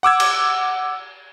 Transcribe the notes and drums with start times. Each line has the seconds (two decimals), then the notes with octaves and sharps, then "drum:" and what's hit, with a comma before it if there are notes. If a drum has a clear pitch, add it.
0.03 F#5 D6 E6 G#6
0.20 drum: cymbal